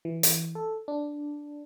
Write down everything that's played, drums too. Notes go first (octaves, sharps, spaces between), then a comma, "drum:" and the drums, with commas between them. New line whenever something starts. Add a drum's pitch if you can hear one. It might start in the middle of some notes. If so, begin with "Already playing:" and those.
E3
drum: hi-hat
A4
D4